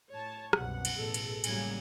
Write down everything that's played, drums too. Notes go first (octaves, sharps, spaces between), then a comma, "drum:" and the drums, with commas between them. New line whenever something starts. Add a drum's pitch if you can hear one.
A2 C#5 A5
C2 F#2 B2 F#5, drum: rim click
drum: cymbal
A1 B2 G#4 A4
drum: cymbal
A2 C#3 F#3 G3 A#3 G#5, drum: cymbal